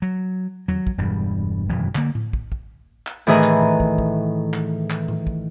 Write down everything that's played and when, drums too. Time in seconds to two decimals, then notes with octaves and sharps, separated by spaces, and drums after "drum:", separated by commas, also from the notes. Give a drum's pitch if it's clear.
0.02 F#3
0.68 F#3, drum: tom E2
0.87 drum: kick
0.98 E1 G2 G3
1.69 G#1 F#2 B2 E3
1.95 D3 A#3, drum: clap
2.15 drum: tom A2
2.33 drum: kick
2.52 drum: kick
3.07 drum: clap
3.27 A2 D#3 E3 G#4 B4 A#5
3.43 drum: clap
3.62 drum: tom A2
3.80 drum: kick
3.98 drum: kick
4.53 drum: clap
4.90 drum: clap
5.08 drum: tom A2
5.27 drum: kick